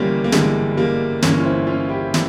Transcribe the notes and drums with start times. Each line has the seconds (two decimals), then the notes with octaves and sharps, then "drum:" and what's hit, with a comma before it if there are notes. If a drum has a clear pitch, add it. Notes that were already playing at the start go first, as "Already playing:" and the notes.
Already playing: G1 G2 E3 G3 A#3 C#4 F4
0.24 A#3
0.32 G1 G2 E3 G#3, drum: snare
0.77 G3 A#3
1.22 G1 G2 E3 A#3 C#4, drum: snare
1.40 F4
1.45 C4 E4
1.67 C#4 F4
1.89 E4 G4
2.14 E3, drum: snare